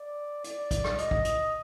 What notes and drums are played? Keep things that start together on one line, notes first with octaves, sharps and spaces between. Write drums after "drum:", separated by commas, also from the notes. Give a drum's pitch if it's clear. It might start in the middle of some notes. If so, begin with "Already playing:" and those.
Already playing: D5
D5, drum: hi-hat
drum: kick, hi-hat
drum: rim click
D#5, drum: hi-hat
drum: kick
drum: hi-hat